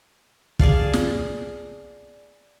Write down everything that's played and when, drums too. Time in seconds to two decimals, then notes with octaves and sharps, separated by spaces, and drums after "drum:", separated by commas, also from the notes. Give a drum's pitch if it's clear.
0.59 G#4 D5 F5 A5, drum: kick
0.93 drum: snare